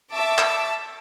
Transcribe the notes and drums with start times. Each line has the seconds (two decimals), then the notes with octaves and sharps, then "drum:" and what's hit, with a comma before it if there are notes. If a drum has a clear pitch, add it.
0.13 E5 A5 C#6 D6 E6
0.38 drum: clap